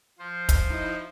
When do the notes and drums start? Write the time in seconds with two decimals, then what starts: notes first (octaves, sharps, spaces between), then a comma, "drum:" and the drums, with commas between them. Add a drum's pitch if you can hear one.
0.19 F3 F4 C5
0.49 drum: kick, hi-hat
0.70 D#4 E4 D#5